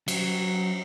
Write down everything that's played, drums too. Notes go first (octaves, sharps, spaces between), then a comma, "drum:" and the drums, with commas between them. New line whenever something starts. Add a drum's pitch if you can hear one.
F#3, drum: cymbal